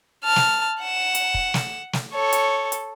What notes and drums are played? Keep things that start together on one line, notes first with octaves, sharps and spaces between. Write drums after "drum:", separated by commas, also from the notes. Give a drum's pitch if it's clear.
A5 F6
drum: snare
F#5 E7
drum: hi-hat
drum: kick
drum: snare
drum: snare
A4 C#5
drum: hi-hat
drum: hi-hat